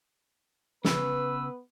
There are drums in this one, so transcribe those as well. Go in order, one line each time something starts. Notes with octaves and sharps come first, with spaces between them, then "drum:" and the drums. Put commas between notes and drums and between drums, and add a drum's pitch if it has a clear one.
C#3 B3 B4 E6, drum: snare